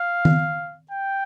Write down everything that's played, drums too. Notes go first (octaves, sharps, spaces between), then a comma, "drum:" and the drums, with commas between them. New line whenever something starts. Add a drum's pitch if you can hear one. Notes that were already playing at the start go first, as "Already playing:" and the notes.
Already playing: F5
drum: tom D#3
G5